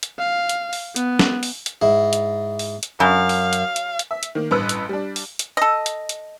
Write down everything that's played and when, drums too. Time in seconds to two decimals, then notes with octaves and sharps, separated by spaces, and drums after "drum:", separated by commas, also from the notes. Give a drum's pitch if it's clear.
0.03 drum: hi-hat
0.19 F5
0.49 drum: hi-hat
0.73 drum: open hi-hat
0.96 B3, drum: hi-hat
1.19 drum: snare
1.43 drum: open hi-hat
1.66 drum: hi-hat
1.82 G#2 E4
2.13 drum: hi-hat
2.59 drum: open hi-hat
2.83 drum: hi-hat
3.00 F#2 F5
3.29 drum: open hi-hat
3.53 drum: hi-hat
3.76 drum: hi-hat
3.99 drum: hi-hat
4.11 E5
4.23 drum: hi-hat
4.35 D#3 A#3
4.51 A1 G2 B4 E6 F#6
4.69 drum: hi-hat
4.89 G3 D4
5.16 drum: open hi-hat
5.39 drum: hi-hat
5.57 A4 D#5
5.86 drum: hi-hat
6.09 drum: hi-hat